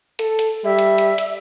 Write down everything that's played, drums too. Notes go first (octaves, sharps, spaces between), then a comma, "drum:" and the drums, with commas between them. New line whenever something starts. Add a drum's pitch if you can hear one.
A4, drum: hi-hat
drum: hi-hat
G3 E5
drum: hi-hat
drum: hi-hat
drum: hi-hat